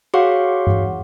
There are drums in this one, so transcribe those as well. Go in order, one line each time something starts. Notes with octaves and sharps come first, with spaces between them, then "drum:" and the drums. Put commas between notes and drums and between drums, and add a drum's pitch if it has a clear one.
F#4 G#4 C#5 F5 F#5 C#6
drum: tom G2